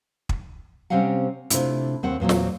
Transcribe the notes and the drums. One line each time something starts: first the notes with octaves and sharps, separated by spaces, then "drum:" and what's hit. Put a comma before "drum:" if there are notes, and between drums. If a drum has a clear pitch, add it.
drum: kick
C3 G3 C4 C#4 F5 F#5
C3 A3 D4 E4 F4, drum: hi-hat
D#2 C4 F#5
E2 A#2 F#3 C4
drum: snare